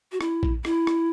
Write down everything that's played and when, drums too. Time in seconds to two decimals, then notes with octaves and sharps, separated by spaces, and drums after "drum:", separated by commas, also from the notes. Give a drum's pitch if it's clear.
0.12 F#4
0.21 E4, drum: rim click
0.43 drum: kick A#1
0.65 E4, drum: rim click
0.87 drum: rim click